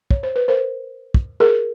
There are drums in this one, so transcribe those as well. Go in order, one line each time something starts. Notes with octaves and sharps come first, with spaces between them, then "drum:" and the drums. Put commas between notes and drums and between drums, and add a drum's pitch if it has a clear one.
C#5, drum: kick
C5
B4
A#4 C5
drum: kick
G#4 A#4